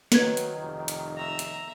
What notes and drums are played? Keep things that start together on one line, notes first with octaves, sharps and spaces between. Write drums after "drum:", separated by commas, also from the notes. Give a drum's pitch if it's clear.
D#3 F#3 B4 G#6, drum: snare
drum: hi-hat
F1
drum: hi-hat
E5 A#5
drum: hi-hat